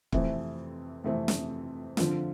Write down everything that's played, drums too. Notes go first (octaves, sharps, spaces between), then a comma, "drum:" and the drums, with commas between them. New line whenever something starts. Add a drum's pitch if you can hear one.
F2 C3 E3 A3 C4, drum: kick C#1
F2 C3 E3 A3 C4
drum: snare
D3 F3 C4 F4, drum: snare